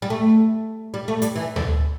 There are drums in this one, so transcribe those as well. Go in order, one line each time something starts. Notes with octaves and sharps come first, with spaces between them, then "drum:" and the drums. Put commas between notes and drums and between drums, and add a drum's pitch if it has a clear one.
G3
A3
G3
A3
G3, drum: hi-hat
E3
D3, drum: tom D2